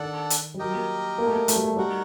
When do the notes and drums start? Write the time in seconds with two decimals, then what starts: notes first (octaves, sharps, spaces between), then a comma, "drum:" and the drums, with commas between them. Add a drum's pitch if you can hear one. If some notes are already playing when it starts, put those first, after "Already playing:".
Already playing: D#3 D4 A4 D5 F#5
0.30 drum: hi-hat
0.54 G3
0.59 F#3 G4 A#4 D#5 G5
0.74 A#3
1.18 A#3
1.26 A3
1.34 A#3
1.48 A3, drum: hi-hat
1.55 G3
1.63 A3
1.77 G3 D#4 F#4 A#4 F#5